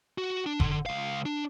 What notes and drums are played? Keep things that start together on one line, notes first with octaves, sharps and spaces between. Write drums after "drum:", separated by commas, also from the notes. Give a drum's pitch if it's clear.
F#4
D4
D3, drum: kick F#1
C#2 F5
D4